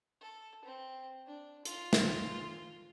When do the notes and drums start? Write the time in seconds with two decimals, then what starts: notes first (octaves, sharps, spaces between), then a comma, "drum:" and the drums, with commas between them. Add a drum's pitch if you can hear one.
0.21 A4
0.65 C4
1.27 D4
1.65 F4, drum: hi-hat
1.93 drum: snare